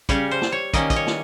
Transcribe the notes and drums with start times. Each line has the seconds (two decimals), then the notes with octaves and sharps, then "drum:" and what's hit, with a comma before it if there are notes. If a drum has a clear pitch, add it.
0.09 C#3 G3 C#4 C#5, drum: kick, hi-hat
0.31 C5
0.42 drum: snare
0.52 C#5
0.74 D#3 G3 A#3 C#4 D#5, drum: kick, hi-hat
0.90 D#5, drum: kick, hi-hat
0.96 C#5
1.07 drum: snare